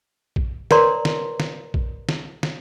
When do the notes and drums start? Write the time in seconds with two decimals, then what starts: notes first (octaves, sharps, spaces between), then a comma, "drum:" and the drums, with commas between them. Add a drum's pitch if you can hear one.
0.36 drum: kick A#1
0.71 A#4 B4 C#5 D5 A#5 C6, drum: snare
1.05 drum: snare
1.40 drum: snare
1.74 drum: kick A#1
2.09 drum: snare
2.43 drum: snare